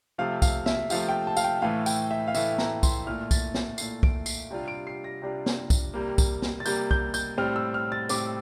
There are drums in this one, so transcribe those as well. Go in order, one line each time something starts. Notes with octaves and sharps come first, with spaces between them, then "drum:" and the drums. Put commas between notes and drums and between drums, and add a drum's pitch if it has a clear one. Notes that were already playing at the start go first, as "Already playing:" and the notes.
C3 F3 A3 F5
F5, drum: kick, tambourine
E5, drum: snare
C3 F3 A3 F5, drum: tambourine
G5
A5
F5, drum: tambourine
G5
A2 E3 A3 F5
G5, drum: tambourine
E5
F5
A2 E3 A3 E5, drum: tambourine
A#5, drum: snare
C6, drum: kick, tambourine
A#2 A3 E4 F6
A6, drum: kick, tambourine
drum: snare
A#2 A3 E4 C7, drum: tambourine
D7, drum: kick
C7, drum: tambourine
C3 G3 D4 F4
D7
C7
A#6
C3 G3 D4 F4
drum: snare
drum: kick, tambourine
C3 G3 A#3
drum: kick, tambourine
drum: snare
A6
C3 G3 A#3 G6, drum: tambourine
G6, drum: kick
G6, drum: tambourine
A2 G3 C4 F6
E6
F6
A6
A2 G3 C4 D6, drum: tambourine